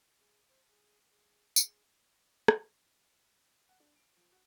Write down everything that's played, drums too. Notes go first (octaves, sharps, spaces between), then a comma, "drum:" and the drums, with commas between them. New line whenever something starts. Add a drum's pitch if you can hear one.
G#4
C5
G#4
G#4
G#4, drum: tambourine
drum: rim click
F#5
D4
D7
F3
F#4